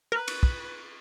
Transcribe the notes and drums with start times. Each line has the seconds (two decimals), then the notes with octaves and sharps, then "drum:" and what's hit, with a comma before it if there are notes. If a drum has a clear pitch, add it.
0.12 A#4 B4
0.28 drum: cymbal
0.43 drum: kick